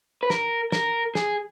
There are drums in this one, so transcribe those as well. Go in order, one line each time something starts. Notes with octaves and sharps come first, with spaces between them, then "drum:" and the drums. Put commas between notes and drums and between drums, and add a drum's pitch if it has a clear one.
B4
A#4, drum: snare
A#4, drum: snare
G#4, drum: snare